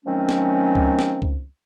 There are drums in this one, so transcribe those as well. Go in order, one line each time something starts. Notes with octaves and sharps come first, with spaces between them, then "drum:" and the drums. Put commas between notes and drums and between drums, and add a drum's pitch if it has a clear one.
D#3 F3 F#3 A3 C4 C#4
drum: snare
drum: kick C#2
drum: snare
drum: kick C#2